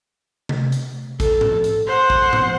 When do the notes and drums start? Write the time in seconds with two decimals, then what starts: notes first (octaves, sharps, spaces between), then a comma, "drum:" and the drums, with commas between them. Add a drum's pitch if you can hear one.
0.49 drum: tom C3
0.72 drum: hi-hat
1.20 A4, drum: kick, hi-hat
1.41 drum: tom G#2
1.64 drum: hi-hat
1.87 C5 F#5
2.10 drum: kick
2.33 drum: tom G#2